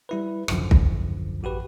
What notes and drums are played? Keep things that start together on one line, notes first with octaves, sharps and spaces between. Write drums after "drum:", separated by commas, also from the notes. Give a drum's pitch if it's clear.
G3 E4 B4
G#1 C#2 F#2 D3 F3, drum: rim click
drum: kick
A1 F#4 G4 B4